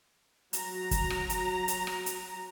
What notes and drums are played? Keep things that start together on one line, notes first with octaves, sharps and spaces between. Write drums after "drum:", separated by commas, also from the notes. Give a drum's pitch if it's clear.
F#3 A#5, drum: hi-hat
drum: kick, hi-hat
drum: rim click
drum: hi-hat
drum: hi-hat
drum: rim click
drum: hi-hat